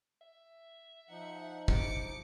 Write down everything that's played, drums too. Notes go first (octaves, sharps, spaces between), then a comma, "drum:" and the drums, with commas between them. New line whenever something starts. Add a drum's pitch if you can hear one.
E5
F3 D#4 F#5
D6 C#7, drum: kick